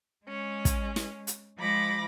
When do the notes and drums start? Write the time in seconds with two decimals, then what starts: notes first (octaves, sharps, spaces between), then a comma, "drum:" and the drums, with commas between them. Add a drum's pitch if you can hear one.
0.24 G#3 C#4
0.65 drum: kick, hi-hat
0.96 drum: snare
1.27 drum: hi-hat
1.58 F3 G#3 B5 D6 A#6